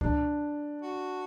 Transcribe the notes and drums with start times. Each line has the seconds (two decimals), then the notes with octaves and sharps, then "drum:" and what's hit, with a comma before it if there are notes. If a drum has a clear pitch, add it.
0.01 D4, drum: kick C#2
0.82 F#4